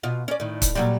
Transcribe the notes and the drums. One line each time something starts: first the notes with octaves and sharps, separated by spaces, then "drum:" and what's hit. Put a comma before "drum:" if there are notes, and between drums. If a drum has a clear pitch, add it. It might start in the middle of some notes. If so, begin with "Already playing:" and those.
B2 F4
C#4 D5
A2 D#3
drum: kick C#1, hi-hat
A#2 F#3 G3